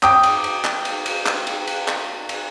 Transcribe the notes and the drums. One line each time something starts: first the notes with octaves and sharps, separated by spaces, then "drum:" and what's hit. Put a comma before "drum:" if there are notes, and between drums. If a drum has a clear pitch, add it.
G5 D6 D#6, drum: clap
drum: cymbal
drum: cymbal
drum: clap
drum: cymbal
drum: cymbal
drum: clap
drum: cymbal
drum: cymbal
drum: clap
drum: cymbal